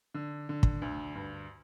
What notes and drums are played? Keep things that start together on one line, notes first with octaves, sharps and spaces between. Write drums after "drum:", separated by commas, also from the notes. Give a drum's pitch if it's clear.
D3
D3
drum: kick
D2
G2